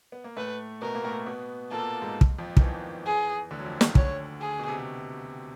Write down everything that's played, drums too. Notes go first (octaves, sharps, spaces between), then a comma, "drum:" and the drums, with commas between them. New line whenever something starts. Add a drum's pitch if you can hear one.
B3
A#3
A2 A3 B4
B2 B3 A#4
A#3
A2 A3
B2 B3
A#2 A#3 A4
G#2 G#3
drum: kick
F2 F3
D#3, drum: kick
E2 E3
G#4
D2 D3
F#3
F2 F3
D#2 D#3, drum: snare
D2 D3 C#5, drum: kick
G#4
B2
C3